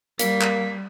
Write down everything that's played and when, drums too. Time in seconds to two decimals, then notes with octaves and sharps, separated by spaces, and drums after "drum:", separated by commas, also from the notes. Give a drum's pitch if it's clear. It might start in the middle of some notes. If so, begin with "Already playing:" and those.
0.19 G3 A#3 B6, drum: hi-hat
0.41 drum: clap